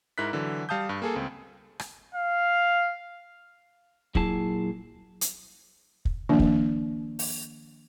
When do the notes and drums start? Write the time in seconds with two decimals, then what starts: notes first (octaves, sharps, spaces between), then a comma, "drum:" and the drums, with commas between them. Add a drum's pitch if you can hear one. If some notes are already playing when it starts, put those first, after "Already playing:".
0.18 G#2 E4 A#4 F#6 B6
0.33 D3 E3 F#3
0.69 G3 F5 A5 D#6 G6
0.89 G2
1.02 A#3 G#4 A4
1.15 C#2 C4
1.80 drum: rim click
2.15 F5
4.15 A#2 F#3 E4 G#4 A5, drum: kick
5.21 drum: hi-hat
6.05 drum: kick
6.29 D#3 F3 A#3 D4
6.39 drum: kick
7.19 drum: open hi-hat